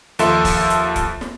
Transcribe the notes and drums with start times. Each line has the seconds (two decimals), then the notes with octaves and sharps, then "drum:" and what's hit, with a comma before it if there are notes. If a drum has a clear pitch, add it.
0.19 D#2 F3 A4 E5 C6, drum: hi-hat
0.45 drum: kick C#1, open hi-hat
0.70 drum: hi-hat
0.96 drum: kick C#1, hi-hat
1.21 drum: snare